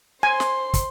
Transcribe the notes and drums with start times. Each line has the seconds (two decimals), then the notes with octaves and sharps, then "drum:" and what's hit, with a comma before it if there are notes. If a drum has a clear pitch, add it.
0.23 C5 G#5 C6
0.40 drum: snare
0.74 drum: kick, hi-hat